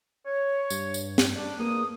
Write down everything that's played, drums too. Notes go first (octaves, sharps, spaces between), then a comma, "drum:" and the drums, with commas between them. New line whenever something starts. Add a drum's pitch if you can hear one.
C#5
G2, drum: tambourine
drum: tambourine
drum: snare
G3 D4
E2 A#3 G#4 D#6